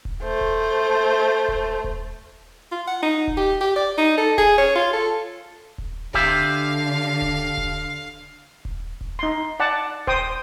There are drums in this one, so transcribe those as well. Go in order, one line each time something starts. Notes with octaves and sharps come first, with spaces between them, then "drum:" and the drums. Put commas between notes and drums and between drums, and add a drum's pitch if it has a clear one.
drum: kick D#1
A3 C5
drum: kick D#1
drum: kick D#1
drum: kick D#1
F4
F#5
D#4
drum: kick D#1
G4
G4
D5
D#4
A4
G#4, drum: kick D#1
C#5
F4
A4
drum: kick D#1
D3 G4 E5 F5, drum: kick D#1
drum: kick D#1
drum: kick D#1
drum: kick D#1
drum: kick D#1
D#4 C6
D5 F#5 A5
C5 G5 D#6, drum: kick D#1